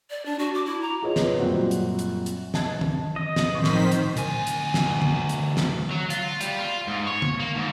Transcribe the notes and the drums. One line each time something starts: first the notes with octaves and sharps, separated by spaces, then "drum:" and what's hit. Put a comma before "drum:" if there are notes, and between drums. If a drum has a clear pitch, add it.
D5
D4
F#4
D6
E4
A#5
F4 G#4 B4 C#5 D#5
drum: snare
F#2 A#2 G3 C4 F#4
drum: hi-hat
drum: hi-hat
drum: hi-hat
D#5 A5 G#6, drum: snare
drum: tom
D#5
drum: snare
A2 D#3 F3 C4 C5 B6
drum: snare
drum: hi-hat
D2 G#5, drum: hi-hat
drum: hi-hat
drum: snare
drum: tom
drum: hi-hat
drum: snare
F#3
F4, drum: hi-hat
G3, drum: hi-hat
F4
G#2
C#5
drum: tom
A#3
G#2